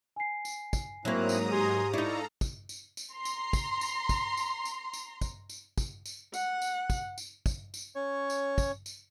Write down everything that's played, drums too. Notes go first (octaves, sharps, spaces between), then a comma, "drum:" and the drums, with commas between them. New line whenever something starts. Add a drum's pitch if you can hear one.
G#5 C7
drum: tambourine
drum: kick, tambourine
G#2 F#3 A#3 C4 E4 A#5 D#6 F#6
drum: tambourine
G4 G#5 C6
D#4 E4 A4 D5 F5 A#5 C#6
drum: kick, tambourine
drum: tambourine
drum: tambourine
A#5 C6
drum: tambourine
drum: kick, tambourine
drum: tambourine
drum: kick, tambourine
drum: tambourine
drum: tambourine
drum: tambourine
drum: kick, tambourine
drum: tambourine
drum: kick, tambourine
drum: tambourine
F#5, drum: tambourine
drum: tambourine
drum: kick, tambourine
drum: tambourine
drum: kick, tambourine
drum: tambourine
C#4 C#5
drum: tambourine
drum: kick, tambourine
drum: tambourine